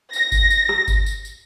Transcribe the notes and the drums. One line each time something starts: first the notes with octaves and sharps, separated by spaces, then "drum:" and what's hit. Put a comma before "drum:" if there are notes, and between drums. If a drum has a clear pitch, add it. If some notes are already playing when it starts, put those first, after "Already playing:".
A#6, drum: tambourine
drum: kick G1, tambourine
drum: tambourine
drum: rim click
drum: kick G1, tambourine
drum: tambourine
drum: tambourine